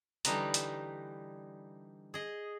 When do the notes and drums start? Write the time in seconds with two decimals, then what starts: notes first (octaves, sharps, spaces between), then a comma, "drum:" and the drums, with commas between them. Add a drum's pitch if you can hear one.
0.25 D3 E3 G3 D#4 B4 A#5, drum: hi-hat
0.54 drum: hi-hat
2.14 G#4 D#5